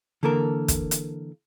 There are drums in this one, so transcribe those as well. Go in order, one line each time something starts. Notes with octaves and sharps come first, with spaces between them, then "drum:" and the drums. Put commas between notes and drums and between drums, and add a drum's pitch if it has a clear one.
D3 E3 A#3 A4 A#4
drum: kick, hi-hat
drum: hi-hat